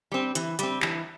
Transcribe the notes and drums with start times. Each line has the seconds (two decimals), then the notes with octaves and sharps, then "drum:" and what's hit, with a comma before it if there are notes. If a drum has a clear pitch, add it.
0.12 G3 C4
0.35 E3, drum: hi-hat
0.59 G3 C4, drum: hi-hat
0.82 E3, drum: clap